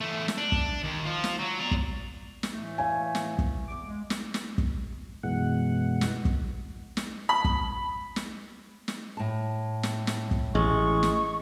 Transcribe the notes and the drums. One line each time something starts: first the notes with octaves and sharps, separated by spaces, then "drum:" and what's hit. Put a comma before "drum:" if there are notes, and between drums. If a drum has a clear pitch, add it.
E2 A3
drum: snare
D4
drum: kick
D#2
F3 F4
drum: snare
F#3
D5 A#5
drum: kick
drum: snare
A2 E3 A3
F5 G#5
drum: snare
drum: kick
E2 D6
G#3
drum: snare
drum: snare
drum: kick
F#2 B2 E3 G#3 F#5
drum: snare
drum: kick
drum: snare
B5
drum: kick
drum: snare
drum: snare
A2 A5
drum: snare
drum: snare
drum: kick
A1 G#3 C#6
drum: snare